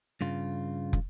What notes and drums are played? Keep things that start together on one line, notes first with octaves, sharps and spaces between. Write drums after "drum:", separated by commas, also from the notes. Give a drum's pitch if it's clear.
G2 C#3 F4
drum: kick